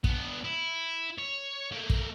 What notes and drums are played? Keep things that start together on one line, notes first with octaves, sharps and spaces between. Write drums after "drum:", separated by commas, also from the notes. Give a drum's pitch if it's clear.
B3 D4, drum: kick
E4
C#5
A3 A#3
drum: kick